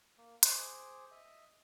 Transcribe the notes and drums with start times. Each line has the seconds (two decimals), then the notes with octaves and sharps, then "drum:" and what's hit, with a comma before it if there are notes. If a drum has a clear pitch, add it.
0.18 A#3
0.43 G#4 C5 D6, drum: hi-hat
1.11 D#5 E5